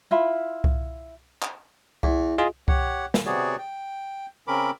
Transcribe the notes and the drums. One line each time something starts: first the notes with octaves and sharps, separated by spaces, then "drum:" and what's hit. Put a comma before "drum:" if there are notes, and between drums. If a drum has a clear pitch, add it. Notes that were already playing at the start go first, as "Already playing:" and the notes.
E4 F4 E5 B5
drum: kick C2
drum: clap
E2, drum: kick C2
F4 G#4 D#5
G4 C#5 F#5, drum: kick C2
drum: snare
C3 B3 F#4 G#4 C#5 D5
G5
C#3 C4 C#4 A#4 B5 D6